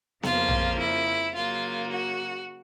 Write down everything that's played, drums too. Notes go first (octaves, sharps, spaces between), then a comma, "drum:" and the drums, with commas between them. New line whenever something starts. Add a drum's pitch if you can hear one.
F2 C#3 F3 A#3 F4, drum: snare B3
drum: tom A#1
E4
C#3 F#3 A#3 F4
F#4